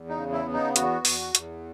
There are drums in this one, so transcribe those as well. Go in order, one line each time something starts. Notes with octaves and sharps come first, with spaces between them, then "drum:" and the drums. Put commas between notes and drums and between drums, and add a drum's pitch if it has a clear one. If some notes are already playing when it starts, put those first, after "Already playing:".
Already playing: E2
D#4
C#3
E4
B3
D#4
E2 F#4, drum: hi-hat
E2, drum: open hi-hat
E2, drum: hi-hat